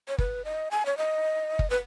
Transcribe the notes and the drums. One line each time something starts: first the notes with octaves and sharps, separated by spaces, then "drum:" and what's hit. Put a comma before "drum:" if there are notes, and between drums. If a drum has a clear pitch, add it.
C#5
B4, drum: kick
D#5
G#5
C#5
D#5
drum: kick
B4